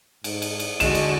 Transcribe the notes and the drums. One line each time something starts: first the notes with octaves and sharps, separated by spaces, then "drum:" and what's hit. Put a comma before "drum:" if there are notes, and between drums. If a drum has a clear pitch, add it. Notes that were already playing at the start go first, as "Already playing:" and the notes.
G#2, drum: cymbal
drum: cymbal
drum: cymbal
D3 G#3 F#4 E7, drum: cymbal
drum: cymbal